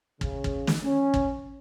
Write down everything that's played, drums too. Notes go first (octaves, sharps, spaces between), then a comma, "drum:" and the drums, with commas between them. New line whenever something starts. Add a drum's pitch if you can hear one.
C#3, drum: kick
drum: kick
drum: snare
C#4
drum: kick